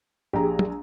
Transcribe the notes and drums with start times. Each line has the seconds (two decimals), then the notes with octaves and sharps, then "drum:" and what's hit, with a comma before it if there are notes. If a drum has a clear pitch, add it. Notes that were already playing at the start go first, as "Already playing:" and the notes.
0.33 A#1 G4 G#4 A#5
0.59 drum: tom